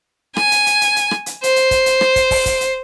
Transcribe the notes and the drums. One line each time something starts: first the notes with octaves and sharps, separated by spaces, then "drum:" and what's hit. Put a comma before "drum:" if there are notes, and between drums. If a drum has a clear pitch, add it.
G#5, drum: rim click
drum: hi-hat
drum: hi-hat
drum: hi-hat
drum: hi-hat
drum: rim click
drum: hi-hat
C5, drum: hi-hat
drum: hi-hat
drum: kick, hi-hat
drum: hi-hat
drum: rim click
drum: kick, hi-hat
drum: kick, open hi-hat
drum: kick, hi-hat
drum: hi-hat